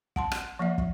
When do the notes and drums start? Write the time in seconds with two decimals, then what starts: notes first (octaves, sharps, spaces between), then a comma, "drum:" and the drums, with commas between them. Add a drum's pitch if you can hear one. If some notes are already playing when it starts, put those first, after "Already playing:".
0.16 F#5 A5 C6, drum: kick
0.32 drum: rim click
0.59 F3 A#3 D5 E5
0.78 drum: kick